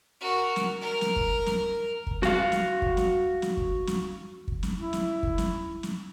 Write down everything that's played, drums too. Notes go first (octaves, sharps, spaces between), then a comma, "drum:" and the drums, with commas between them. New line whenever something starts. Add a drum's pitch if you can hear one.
F#4 A#4
drum: snare
A#4
drum: snare
drum: kick
drum: snare
drum: kick
F#4 F5, drum: snare
drum: snare
drum: kick
drum: snare
drum: snare
drum: kick
drum: snare
drum: kick
drum: snare
E4
drum: snare
drum: kick
drum: snare
drum: snare